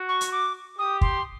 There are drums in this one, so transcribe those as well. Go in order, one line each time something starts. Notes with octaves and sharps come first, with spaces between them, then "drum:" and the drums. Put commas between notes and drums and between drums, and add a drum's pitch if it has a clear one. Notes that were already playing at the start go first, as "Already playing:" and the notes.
Already playing: F#4
C#6
drum: hi-hat
D6
G4 D#6
C6, drum: kick